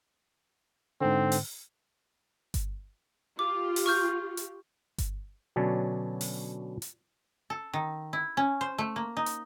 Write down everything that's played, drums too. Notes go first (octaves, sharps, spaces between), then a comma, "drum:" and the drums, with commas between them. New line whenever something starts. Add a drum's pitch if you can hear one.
G#2 D3 C4
drum: open hi-hat
drum: kick G1, hi-hat
F4 G4 D6
drum: open hi-hat
C#6 F6 G6
drum: hi-hat
drum: kick G1, hi-hat
B2 D3 F#3 C#4 D4
drum: open hi-hat
drum: hi-hat
A4
D#3
E4
C#4
C5
A3
A#3
D#4
drum: hi-hat